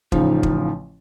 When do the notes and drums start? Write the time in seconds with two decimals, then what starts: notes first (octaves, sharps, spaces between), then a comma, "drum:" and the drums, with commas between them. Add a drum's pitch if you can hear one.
0.12 A1 C#3 F3 D#4, drum: kick
0.43 drum: kick